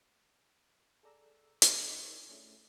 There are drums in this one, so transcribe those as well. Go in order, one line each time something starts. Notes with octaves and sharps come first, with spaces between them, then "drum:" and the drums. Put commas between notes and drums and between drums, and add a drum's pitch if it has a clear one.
G#4 A4 D5 A#5 E6
drum: hi-hat
D#4 A#4 C5
A3 C#4 D4 E4 G#4